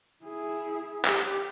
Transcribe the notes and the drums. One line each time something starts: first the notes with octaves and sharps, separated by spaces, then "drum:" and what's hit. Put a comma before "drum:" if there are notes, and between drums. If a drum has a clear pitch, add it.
E4 G#4
G4, drum: clap